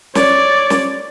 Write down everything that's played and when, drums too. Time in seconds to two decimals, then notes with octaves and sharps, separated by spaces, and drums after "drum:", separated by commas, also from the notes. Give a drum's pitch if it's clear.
0.15 C#5 D5, drum: snare
0.70 drum: snare